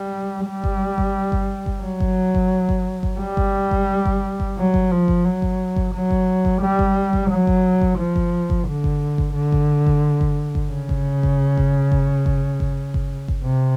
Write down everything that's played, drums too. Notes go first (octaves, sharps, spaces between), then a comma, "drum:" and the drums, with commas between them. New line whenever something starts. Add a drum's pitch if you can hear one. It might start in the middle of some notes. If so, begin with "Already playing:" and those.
Already playing: G3
G3
drum: kick G1
drum: kick G1
drum: kick G1
drum: kick G1
F#3
drum: kick G1
drum: kick G1
drum: kick G1
drum: kick G1
G3
drum: kick G1
drum: kick G1
drum: kick G1
drum: kick G1
F#3
drum: kick G1
F3
drum: kick G1
F#3
drum: kick G1
drum: kick G1
F#3
drum: kick G1
drum: kick G1
G3
drum: kick G1
drum: kick G1
F#3
drum: kick G1
drum: kick G1
F3
drum: kick G1
drum: kick G1
D3
drum: kick G1
drum: kick G1
D3
drum: kick G1
drum: kick G1
drum: kick G1
drum: kick G1
C#3
drum: kick G1
drum: kick G1
drum: kick G1
drum: kick G1
drum: kick G1
drum: kick G1
drum: kick G1
drum: kick G1
C3